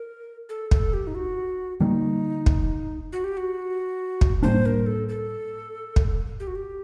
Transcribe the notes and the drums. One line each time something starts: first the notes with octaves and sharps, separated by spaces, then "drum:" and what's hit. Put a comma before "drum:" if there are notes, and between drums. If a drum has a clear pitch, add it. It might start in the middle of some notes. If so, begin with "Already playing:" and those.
Already playing: A#4
A4
A4, drum: kick
G4
D#4
F#4
D3 G3 A#3 D#4
drum: kick
F#4
G4
F#4
drum: kick
A2 G3 A#3 D4 C5
A#4
A4
A4
drum: kick
G4
F#4
G4